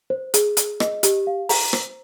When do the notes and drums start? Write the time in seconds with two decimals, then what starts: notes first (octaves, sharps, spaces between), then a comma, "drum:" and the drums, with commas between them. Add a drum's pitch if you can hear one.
0.10 C5
0.34 G#4, drum: hi-hat
0.57 G#4, drum: hi-hat
0.80 D#5, drum: rim click
1.03 G4, drum: hi-hat
1.27 F5
1.49 A#5, drum: open hi-hat
1.73 C5, drum: rim click